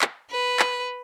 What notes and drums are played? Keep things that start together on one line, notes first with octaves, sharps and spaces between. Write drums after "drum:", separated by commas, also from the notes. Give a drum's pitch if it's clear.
drum: clap
B4
drum: clap